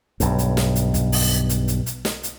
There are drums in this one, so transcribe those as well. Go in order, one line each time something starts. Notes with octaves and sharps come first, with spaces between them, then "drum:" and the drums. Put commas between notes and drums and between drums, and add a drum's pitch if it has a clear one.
B1 G2, drum: hi-hat
drum: hi-hat
drum: snare
drum: hi-hat
drum: kick, hi-hat
drum: open hi-hat
drum: hi-hat
drum: hi-hat
drum: hi-hat
drum: snare
drum: hi-hat